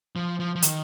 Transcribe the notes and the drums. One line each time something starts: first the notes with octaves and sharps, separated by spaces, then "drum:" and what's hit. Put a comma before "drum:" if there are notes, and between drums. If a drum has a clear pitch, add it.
F3
F3
F3
D#3, drum: hi-hat